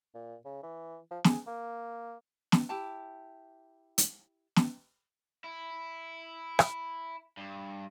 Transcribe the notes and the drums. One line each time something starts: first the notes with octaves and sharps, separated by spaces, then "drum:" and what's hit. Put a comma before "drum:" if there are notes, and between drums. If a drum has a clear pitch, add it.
A#2
C#3
E3
F3
G#4, drum: snare
A#3
drum: snare
E4 G4 A5
drum: hi-hat
drum: snare
E4
drum: rim click
G2